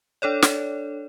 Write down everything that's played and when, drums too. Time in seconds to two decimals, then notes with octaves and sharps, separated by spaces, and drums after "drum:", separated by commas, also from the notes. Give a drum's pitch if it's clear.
0.22 D4 A4 C#5 D5
0.42 drum: snare